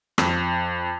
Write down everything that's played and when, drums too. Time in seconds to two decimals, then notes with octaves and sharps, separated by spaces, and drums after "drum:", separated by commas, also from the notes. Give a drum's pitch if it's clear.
0.18 F2, drum: rim click